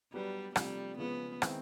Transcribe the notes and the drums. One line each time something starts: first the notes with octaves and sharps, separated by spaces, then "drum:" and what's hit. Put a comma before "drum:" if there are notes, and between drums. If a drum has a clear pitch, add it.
F#3 G3 B3 D4 G4 B4
C3 F3 G3 A3 D4, drum: rim click
C#3 F3 G#3 B3
D#3 G#3 C4 E4, drum: rim click